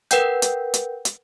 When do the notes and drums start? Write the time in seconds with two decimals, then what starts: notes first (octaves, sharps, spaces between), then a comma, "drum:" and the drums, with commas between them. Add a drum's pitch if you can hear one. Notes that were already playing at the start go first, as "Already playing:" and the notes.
0.11 A#4 B4 F#5 G5 G6, drum: hi-hat
0.42 drum: hi-hat
0.74 drum: hi-hat
1.05 drum: hi-hat